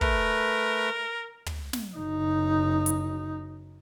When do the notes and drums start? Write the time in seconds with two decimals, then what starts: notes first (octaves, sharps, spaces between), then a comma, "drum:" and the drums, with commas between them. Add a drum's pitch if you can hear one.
0.01 A3 A#4 B4, drum: kick
1.46 drum: tom
1.73 drum: snare
1.96 F#1 D#4
2.86 drum: hi-hat